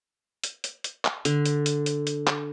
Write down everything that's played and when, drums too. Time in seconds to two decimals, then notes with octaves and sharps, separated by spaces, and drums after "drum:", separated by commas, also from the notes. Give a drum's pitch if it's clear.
0.44 drum: hi-hat
0.64 drum: hi-hat
0.84 drum: hi-hat
1.05 drum: clap
1.25 D3, drum: hi-hat
1.46 drum: hi-hat
1.66 drum: hi-hat
1.86 drum: hi-hat
2.07 drum: hi-hat
2.27 drum: clap